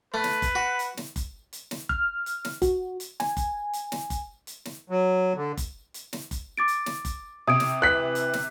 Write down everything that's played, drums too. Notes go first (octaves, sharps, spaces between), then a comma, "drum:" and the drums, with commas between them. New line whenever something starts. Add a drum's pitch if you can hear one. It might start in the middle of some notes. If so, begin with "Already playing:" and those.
A3 B4
drum: snare
drum: kick F#1, hi-hat
F#4
drum: hi-hat
drum: snare
drum: kick F#1, hi-hat
drum: hi-hat
drum: snare
F6, drum: kick F#1
drum: hi-hat
drum: snare
F#4, drum: kick F#1, hi-hat
drum: hi-hat
G#5, drum: snare
drum: kick F#1, hi-hat
drum: hi-hat
drum: snare
drum: kick F#1, hi-hat
drum: hi-hat
drum: snare
F#3
D3
drum: kick F#1, hi-hat
drum: hi-hat
drum: snare
drum: kick F#1, hi-hat
D6 A6 D7
drum: hi-hat
drum: snare
drum: kick F#1, hi-hat
C3 D#6 G#6 D7
drum: snare
E3 F#6 B6
drum: hi-hat
drum: snare